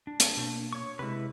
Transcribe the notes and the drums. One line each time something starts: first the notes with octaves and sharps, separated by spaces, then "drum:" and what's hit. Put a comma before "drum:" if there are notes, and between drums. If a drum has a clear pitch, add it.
D4
drum: hi-hat
B2 A#3
C#5 C#6
C3 G#3 E4 B4